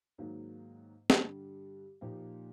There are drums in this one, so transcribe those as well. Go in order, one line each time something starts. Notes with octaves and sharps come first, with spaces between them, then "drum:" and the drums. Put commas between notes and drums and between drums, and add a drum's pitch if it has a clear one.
G#2 D#3 F#3 A#3
G2 D3 G3, drum: snare
A#2 F3 A#3 D#4 G4